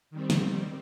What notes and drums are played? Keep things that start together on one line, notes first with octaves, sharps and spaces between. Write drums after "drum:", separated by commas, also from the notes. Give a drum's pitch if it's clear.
D#3 G3 C4
drum: snare